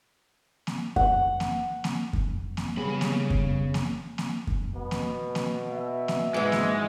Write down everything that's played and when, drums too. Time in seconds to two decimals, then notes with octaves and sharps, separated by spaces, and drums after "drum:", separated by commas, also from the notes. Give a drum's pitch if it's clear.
0.67 drum: snare A#3
0.96 F#5, drum: kick F#2
1.40 drum: snare A#3
1.84 drum: snare A#3
2.13 drum: kick F#2
2.57 drum: snare A#3
2.77 C#3 G3 B3 G#4 B5
3.01 drum: snare A#3
3.30 drum: kick F#2
3.74 drum: snare A#3
4.18 drum: snare A#3
4.47 drum: kick F#2
4.75 B2 B3
4.91 drum: snare A#3
5.35 drum: snare A#3
5.72 E5
6.08 drum: snare A#3
6.34 G#2 E3 G#3
6.52 drum: snare A#3